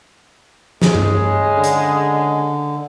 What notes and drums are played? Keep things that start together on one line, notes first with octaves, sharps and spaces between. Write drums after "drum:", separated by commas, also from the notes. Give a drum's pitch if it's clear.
C#3 G#3, drum: snare
drum: tom G2
D3
drum: hi-hat